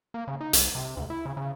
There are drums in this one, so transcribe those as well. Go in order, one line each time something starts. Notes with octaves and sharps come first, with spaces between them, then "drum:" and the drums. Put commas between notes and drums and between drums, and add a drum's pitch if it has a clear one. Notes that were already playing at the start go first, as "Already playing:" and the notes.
A#3
C#3
D#4
C2, drum: hi-hat
C3
D2
E4
C#3
C#3